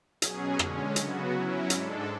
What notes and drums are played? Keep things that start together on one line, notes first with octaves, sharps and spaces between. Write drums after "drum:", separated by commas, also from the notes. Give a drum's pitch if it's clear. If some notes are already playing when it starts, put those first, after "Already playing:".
B2 F#3 C#4 G#4, drum: hi-hat
D3 G#3 C#4, drum: rim click
C#3 F#3 B3 F#4, drum: hi-hat
F#3 C#4 E4
G#2 G#3 D4 A4, drum: hi-hat